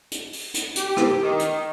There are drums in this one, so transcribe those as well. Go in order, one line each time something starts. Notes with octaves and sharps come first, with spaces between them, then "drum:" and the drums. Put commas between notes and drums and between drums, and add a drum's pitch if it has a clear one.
drum: hi-hat
drum: open hi-hat
drum: hi-hat
G4, drum: hi-hat
drum: rim click
D#3
drum: hi-hat